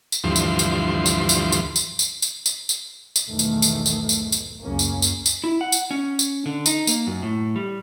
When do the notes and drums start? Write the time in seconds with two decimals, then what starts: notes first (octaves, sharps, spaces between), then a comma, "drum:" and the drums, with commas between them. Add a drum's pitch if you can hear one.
0.12 drum: tambourine
0.24 D2 G2 E3 F3 C6
0.36 drum: tambourine
0.59 drum: tambourine
1.06 drum: tambourine
1.29 drum: tambourine
1.52 drum: tambourine
1.76 drum: tambourine
1.99 drum: tambourine
2.22 drum: tambourine
2.46 drum: tambourine
2.69 drum: tambourine
3.16 drum: tambourine
3.29 B1 E2 G#2 D#3 A3
3.39 drum: tambourine
3.62 drum: tambourine
3.86 drum: tambourine
4.09 drum: tambourine
4.32 drum: tambourine
4.63 C#2 F#2 C#3 A#3 C#4
4.79 drum: tambourine
5.02 drum: tambourine
5.26 drum: tambourine
5.44 E4
5.61 F#5
5.72 drum: tambourine
5.91 C#4
6.19 drum: tambourine
6.46 D3
6.66 D#4, drum: tambourine
6.87 A#3, drum: tambourine
7.07 F#2
7.22 A2
7.56 G3